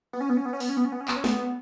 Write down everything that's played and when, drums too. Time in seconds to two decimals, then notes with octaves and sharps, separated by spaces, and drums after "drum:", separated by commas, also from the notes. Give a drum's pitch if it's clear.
0.13 B3
0.21 C#4
0.29 B3
0.37 C#4
0.45 B3
0.53 C#4
0.60 B3, drum: open hi-hat
0.69 C#4
0.77 B3
0.85 C#4
0.92 B3
1.01 C#4
1.08 B3, drum: clap
1.16 C#4
1.24 B3, drum: snare